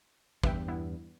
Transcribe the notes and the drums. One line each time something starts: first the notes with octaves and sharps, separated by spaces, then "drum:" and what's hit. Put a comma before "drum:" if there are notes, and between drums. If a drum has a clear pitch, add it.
E2 G2 B4 E5 G5, drum: kick
B3 E4